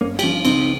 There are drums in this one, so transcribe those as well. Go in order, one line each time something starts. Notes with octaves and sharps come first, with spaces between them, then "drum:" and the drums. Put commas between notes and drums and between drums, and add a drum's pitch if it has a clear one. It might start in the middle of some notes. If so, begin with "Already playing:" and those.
G1 A#3 C#4
G4, drum: cymbal
G2 F3 C#4 F4
C#2 C4 D#4, drum: cymbal